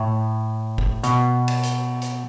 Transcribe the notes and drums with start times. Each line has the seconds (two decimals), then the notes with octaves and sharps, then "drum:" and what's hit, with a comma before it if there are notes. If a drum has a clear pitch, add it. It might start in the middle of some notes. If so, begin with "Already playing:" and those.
Already playing: A2
0.78 drum: kick
1.04 B2, drum: hi-hat
1.48 drum: cymbal
1.63 drum: hi-hat
2.02 drum: hi-hat